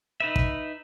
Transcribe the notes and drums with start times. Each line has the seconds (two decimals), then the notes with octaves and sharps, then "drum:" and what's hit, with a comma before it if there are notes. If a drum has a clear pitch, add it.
0.20 D#4 B4 E5
0.36 drum: kick